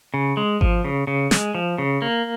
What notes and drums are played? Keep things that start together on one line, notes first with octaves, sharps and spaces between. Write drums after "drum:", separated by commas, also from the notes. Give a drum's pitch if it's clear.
C#3
G#3
F3, drum: kick G#1
C#3
C#3
G#3, drum: snare
F3
C#3
A#3